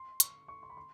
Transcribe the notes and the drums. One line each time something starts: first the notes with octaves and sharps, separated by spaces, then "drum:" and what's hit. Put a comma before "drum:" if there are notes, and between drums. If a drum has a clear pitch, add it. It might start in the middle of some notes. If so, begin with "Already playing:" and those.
Already playing: C6
C#6, drum: hi-hat
C#6
C6
B5
C6